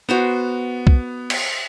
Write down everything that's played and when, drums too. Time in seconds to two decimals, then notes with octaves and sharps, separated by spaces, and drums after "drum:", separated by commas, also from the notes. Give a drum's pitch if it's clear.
0.09 B3 F#4 C5 A#5
0.87 drum: kick B1
1.30 drum: cymbal